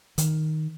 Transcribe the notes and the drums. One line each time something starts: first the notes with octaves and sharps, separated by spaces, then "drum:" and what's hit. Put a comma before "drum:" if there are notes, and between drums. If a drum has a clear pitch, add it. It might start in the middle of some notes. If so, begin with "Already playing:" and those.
D#3, drum: hi-hat